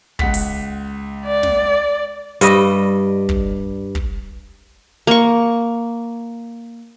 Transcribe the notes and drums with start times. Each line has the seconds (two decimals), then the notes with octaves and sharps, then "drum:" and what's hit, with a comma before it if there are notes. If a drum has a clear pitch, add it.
0.19 C#2 F#5 B6, drum: kick
0.34 drum: open hi-hat
1.25 D5
1.43 drum: snare
2.41 G2 G3 D#5, drum: hi-hat
3.29 drum: kick
3.95 drum: kick
5.07 A#3 C#6